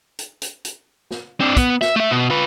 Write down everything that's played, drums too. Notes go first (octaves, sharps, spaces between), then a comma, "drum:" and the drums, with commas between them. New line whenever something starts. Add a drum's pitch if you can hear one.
drum: hi-hat
drum: hi-hat
drum: hi-hat
drum: snare
C4 D4
B3, drum: kick, hi-hat
E5, drum: snare
A3 E5
B2
F4 B4